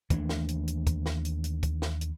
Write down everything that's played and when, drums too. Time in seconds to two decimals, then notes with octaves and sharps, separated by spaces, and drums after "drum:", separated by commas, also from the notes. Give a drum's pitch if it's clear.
0.10 D#2 E3 A3 D4, drum: kick, hi-hat
0.29 drum: snare
0.48 drum: hi-hat
0.68 drum: hi-hat
0.87 drum: kick, hi-hat
1.06 drum: snare
1.25 drum: hi-hat
1.44 drum: hi-hat
1.63 drum: kick, hi-hat
1.82 drum: snare
2.01 drum: hi-hat